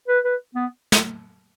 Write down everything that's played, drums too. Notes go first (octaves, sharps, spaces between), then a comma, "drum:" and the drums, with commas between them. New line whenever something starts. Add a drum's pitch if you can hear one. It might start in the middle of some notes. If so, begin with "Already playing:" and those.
B4
B4
B3
drum: snare